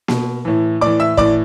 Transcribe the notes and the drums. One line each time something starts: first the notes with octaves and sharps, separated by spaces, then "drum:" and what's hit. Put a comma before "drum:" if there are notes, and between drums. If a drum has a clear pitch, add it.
B2, drum: snare A#3
A2 E3
A2 E3 D5 D6
E5 E6
A2 E3 D5 D6, drum: kick